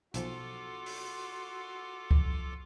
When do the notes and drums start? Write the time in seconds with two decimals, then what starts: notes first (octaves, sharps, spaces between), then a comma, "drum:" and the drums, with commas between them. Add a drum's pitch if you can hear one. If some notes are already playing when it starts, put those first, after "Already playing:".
0.14 B1 F3 F4 F#4 A4 C6 D6, drum: hi-hat
0.86 drum: open hi-hat
2.11 drum: kick C#2